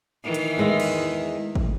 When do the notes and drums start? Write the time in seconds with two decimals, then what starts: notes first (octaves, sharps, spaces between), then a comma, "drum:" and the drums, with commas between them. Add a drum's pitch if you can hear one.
0.24 D#3 E3
0.34 drum: hi-hat
0.57 E2 G#3 E5
0.80 drum: cymbal
1.55 drum: kick